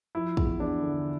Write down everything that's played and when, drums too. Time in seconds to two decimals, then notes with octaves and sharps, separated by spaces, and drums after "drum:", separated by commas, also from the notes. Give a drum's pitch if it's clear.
0.15 F3 E4
0.37 E2, drum: kick
0.60 E2 D4
0.82 D3